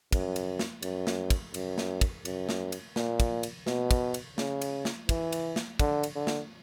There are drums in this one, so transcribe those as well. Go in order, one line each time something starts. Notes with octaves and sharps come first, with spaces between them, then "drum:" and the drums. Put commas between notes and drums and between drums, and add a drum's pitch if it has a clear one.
F#2, drum: kick, cymbal
drum: cymbal
drum: snare
F#2, drum: cymbal
drum: snare
drum: kick, cymbal
F#2, drum: cymbal
drum: snare
drum: kick, cymbal
F#2, drum: cymbal
drum: snare
drum: cymbal
A#2, drum: snare
drum: kick, cymbal
drum: cymbal
B2, drum: snare
drum: kick, cymbal
drum: cymbal
C#3, drum: snare
drum: cymbal
drum: snare
E3, drum: kick, cymbal
drum: cymbal
drum: snare
D3, drum: kick, cymbal
drum: cymbal
D3
drum: snare